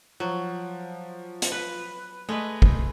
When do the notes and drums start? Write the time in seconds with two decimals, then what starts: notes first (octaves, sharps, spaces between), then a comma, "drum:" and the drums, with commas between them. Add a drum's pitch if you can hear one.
0.20 F3 F#3
1.42 drum: hi-hat
1.52 B4
2.29 G#3 A3 B4 D#5
2.62 drum: kick